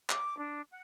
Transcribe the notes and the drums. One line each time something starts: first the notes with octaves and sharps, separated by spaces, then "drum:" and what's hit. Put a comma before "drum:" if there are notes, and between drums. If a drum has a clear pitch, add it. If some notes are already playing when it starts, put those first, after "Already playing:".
D6, drum: clap
D4
F#5